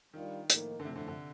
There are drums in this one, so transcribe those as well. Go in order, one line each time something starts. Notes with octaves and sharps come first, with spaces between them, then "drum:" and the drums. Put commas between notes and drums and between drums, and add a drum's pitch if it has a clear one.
D#3 G3 D4 F4 A#4
A2 F3 A#3 D#4 A#4, drum: hi-hat
D3
A2 C3 F3 A3
D3
D3